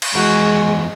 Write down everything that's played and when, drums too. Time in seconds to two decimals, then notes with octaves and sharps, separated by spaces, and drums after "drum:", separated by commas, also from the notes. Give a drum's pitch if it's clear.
0.02 drum: cymbal
0.15 F2 E3 G#3 F#4 F#5